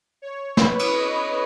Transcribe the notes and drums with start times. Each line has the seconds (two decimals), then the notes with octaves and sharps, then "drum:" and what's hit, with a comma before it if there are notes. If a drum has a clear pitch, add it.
0.22 C#5
0.57 B4, drum: snare
0.79 drum: cymbal
0.92 D#5